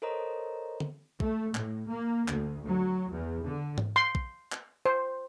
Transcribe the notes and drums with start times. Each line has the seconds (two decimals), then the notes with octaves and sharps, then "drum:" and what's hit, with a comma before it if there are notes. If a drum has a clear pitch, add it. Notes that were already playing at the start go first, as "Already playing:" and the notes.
0.02 A4 A#4 C5 C#5 D#5 A#5
0.80 drum: tom D3
1.20 A3, drum: kick
1.55 A2, drum: clap
1.88 A#3
2.28 D2, drum: clap
2.66 F#3
3.11 E2
3.45 D3
3.78 drum: tom G#2
3.96 C6
4.15 drum: kick
4.52 drum: clap
4.86 C5